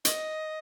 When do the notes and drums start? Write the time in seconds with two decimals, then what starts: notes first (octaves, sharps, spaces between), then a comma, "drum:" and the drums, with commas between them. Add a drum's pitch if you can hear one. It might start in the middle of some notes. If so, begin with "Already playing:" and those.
0.05 D#5, drum: hi-hat